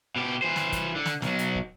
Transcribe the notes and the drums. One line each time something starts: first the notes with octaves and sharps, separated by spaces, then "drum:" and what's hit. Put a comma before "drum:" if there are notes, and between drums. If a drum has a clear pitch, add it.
B2 G4
E3 C5
drum: snare
drum: kick, hi-hat
D3
drum: snare
B1 F#3, drum: snare
drum: hi-hat
drum: kick